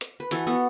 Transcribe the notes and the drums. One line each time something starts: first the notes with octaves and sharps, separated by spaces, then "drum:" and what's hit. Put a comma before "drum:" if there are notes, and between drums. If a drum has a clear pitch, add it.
drum: hi-hat
B4
E3 F#4 A4, drum: hi-hat
B3 F#4 A4